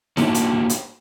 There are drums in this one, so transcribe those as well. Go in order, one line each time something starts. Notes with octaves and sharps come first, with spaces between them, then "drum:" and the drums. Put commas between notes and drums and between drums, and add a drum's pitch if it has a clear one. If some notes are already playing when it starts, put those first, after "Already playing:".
A3 A#3 D4 E4 F#4 G4, drum: snare D#4
drum: hi-hat
drum: hi-hat